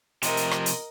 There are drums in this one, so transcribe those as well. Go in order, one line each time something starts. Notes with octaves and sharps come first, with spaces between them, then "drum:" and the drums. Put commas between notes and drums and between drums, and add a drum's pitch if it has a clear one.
C3 F3 A#4 D#5, drum: hi-hat
drum: hi-hat
drum: rim click
drum: hi-hat